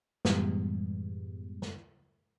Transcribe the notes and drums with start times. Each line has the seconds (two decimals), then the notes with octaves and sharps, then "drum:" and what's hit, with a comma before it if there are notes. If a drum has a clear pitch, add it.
0.25 F#2 A2 E3 G3 G#3 B3, drum: snare
1.62 drum: snare